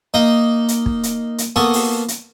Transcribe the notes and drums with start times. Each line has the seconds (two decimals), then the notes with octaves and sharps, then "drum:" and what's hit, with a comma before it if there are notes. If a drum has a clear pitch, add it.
0.14 A#3 D#4 D#5
0.68 drum: hi-hat
0.86 drum: kick
1.03 drum: hi-hat
1.38 drum: hi-hat
1.56 A#3 B3 A4 C#6 D#6
1.73 drum: open hi-hat
2.08 drum: hi-hat